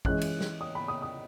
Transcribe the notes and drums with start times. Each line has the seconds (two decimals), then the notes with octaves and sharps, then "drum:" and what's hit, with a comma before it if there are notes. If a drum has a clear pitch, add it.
0.05 E3 G#3 C#4 F#6, drum: kick
0.21 drum: cymbal
0.41 drum: snare
0.61 D#6
0.75 B5
0.88 D#6
1.02 D#6